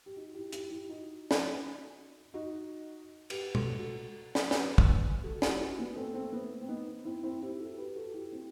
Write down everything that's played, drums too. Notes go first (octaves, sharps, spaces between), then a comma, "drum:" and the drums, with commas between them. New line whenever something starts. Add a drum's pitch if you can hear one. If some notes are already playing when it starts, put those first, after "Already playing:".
G4
D#4 F#4
E4 G4
E4 G4, drum: hi-hat
E4 G4
D#4 F#4
drum: snare
D#4 F#4
G4 B4, drum: cymbal
F#4 A4, drum: tom B2
F#4 A4
drum: snare
G4 B4, drum: snare
drum: kick
F#4 A4
E4 G4, drum: snare
D#4 F#4
B3
A3 C4
A3 C4
B3
C4
B3 D#4
C4 E4
C4 E4
E4 G4
F#4 A4
G4 B4
F#4 A4
E4 G4
C4 E4